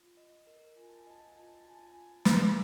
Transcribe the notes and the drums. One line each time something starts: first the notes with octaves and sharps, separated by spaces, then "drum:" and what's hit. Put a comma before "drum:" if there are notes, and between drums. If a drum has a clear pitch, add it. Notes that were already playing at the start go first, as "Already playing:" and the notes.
Already playing: F4
D#5
A#4
F4 G#5
A5
G#5
D#5 A5
G#5
F4 A5
G#5
A5
F4 G#5
A5
G#5
F4
A#4, drum: snare